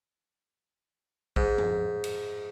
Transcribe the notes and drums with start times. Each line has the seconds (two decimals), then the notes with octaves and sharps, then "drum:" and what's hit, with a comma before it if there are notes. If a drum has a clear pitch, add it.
1.36 G#2, drum: kick
1.58 drum: tom
2.04 drum: cymbal